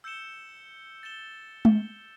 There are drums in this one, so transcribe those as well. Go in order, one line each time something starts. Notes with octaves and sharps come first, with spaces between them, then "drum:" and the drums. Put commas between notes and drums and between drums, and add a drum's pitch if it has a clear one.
E6 G6 C#7 E7 G7
A6 E7 G7
drum: tom G#3